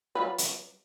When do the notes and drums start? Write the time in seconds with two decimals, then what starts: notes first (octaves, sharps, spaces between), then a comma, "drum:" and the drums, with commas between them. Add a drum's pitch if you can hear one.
0.15 F#3 F4 B4
0.38 drum: hi-hat